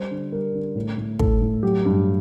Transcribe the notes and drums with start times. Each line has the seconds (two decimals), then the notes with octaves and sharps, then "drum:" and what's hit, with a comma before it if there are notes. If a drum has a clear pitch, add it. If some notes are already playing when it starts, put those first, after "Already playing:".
Already playing: G3 C5
0.11 D3
0.32 G3 A#4
0.55 D3
0.75 A2
0.98 A2
1.19 A2 A4, drum: kick
1.42 A2
1.63 F#3 G4
1.85 G2